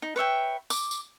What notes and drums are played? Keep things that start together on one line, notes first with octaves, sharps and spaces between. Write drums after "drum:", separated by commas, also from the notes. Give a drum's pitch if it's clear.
D#4
B4 C#5 E5 G5
D6, drum: tambourine
drum: tambourine